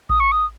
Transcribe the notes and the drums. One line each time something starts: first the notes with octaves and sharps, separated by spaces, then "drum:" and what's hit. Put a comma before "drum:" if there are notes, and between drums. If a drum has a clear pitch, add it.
D#6, drum: kick A1
C#6
D#6